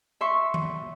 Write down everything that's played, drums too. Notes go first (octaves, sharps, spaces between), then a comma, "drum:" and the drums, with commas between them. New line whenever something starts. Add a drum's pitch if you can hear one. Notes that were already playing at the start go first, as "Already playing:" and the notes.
E5 C6 C#6
drum: tom D#3